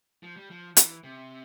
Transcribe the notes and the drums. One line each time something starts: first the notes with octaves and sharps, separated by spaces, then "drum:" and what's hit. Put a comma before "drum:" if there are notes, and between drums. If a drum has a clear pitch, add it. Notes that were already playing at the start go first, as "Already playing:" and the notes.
F3
G3
F3
E3, drum: hi-hat
C3